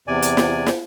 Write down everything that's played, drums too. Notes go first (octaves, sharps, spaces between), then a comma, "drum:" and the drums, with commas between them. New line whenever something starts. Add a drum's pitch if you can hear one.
E2 C3 D5 G#5
drum: hi-hat
drum: snare
drum: snare